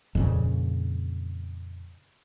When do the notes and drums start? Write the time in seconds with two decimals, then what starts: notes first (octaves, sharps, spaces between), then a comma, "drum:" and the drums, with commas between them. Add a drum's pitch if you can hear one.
0.15 F2 A#2 C#3, drum: kick D#2